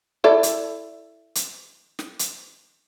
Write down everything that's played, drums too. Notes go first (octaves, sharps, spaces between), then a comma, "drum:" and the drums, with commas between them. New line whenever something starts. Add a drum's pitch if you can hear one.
E4 A4 D5
drum: hi-hat
drum: hi-hat
drum: snare
drum: hi-hat